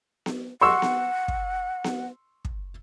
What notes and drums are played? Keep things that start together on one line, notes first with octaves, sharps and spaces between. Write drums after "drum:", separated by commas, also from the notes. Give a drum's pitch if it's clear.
drum: snare B3
F#5 C6 C#6 E6
drum: snare B3
drum: kick
drum: snare B3
drum: kick